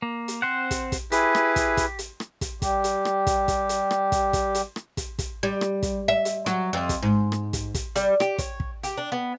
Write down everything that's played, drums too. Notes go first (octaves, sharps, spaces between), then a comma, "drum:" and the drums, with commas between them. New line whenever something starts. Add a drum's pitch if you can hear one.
A#3
drum: hi-hat
C4 C5 F#5
drum: kick, hi-hat
drum: kick, hi-hat
E4 G4 G#4 B4, drum: hi-hat
drum: rim click
drum: kick, hi-hat
drum: kick, hi-hat
drum: hi-hat
drum: rim click
drum: kick, hi-hat
G3 G4, drum: kick, hi-hat
drum: hi-hat
drum: rim click
drum: kick, hi-hat
drum: kick, hi-hat
drum: hi-hat
drum: rim click
drum: kick, hi-hat
drum: kick, hi-hat
drum: hi-hat
drum: rim click
drum: kick, hi-hat
drum: kick, hi-hat
G3
drum: rim click
drum: kick, hi-hat
E5
drum: hi-hat
F#3, drum: rim click
F2
drum: kick, hi-hat
G#2
drum: rim click
drum: kick, hi-hat
drum: kick, hi-hat
G3, drum: hi-hat
G4, drum: rim click
C#5, drum: kick, hi-hat
drum: kick
G4, drum: hi-hat
D4
B3